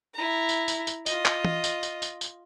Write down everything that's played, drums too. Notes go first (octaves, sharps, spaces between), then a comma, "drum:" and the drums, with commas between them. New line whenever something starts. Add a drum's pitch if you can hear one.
E4 A#5
drum: tambourine
drum: tambourine
drum: tambourine
F4 D#5, drum: tambourine
drum: clap
drum: tom
drum: tambourine
drum: tambourine
drum: tambourine
drum: tambourine